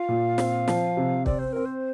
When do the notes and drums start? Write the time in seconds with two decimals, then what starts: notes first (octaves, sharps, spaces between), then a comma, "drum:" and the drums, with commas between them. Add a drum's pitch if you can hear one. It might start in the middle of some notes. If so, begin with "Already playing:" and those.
Already playing: F4 F5
0.09 A#2
0.38 C4, drum: snare
0.68 F3, drum: snare
0.97 C3
1.26 C4 D5, drum: kick
1.39 C5
1.53 C4 A#4
1.65 C5